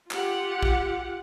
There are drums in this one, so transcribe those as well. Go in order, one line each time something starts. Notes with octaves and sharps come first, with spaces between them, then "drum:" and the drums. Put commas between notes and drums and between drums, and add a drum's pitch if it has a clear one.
F4 G4 F#5, drum: clap
drum: kick A#1